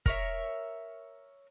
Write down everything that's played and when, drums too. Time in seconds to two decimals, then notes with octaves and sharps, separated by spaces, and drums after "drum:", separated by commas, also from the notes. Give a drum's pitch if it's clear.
0.06 A#4 C#5 E5, drum: kick